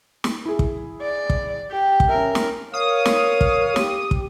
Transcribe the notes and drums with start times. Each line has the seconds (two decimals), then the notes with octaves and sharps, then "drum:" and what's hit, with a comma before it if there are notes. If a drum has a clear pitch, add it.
0.24 drum: snare
0.45 E4 G#4
0.59 drum: kick
1.02 D5
1.30 drum: kick
1.71 G4
2.00 drum: kick
2.09 C#4 A#4 E5
2.35 drum: snare
2.74 A#4 C#5 F5 D#6
3.05 drum: snare
3.41 drum: kick
3.76 G4, drum: snare
4.11 drum: kick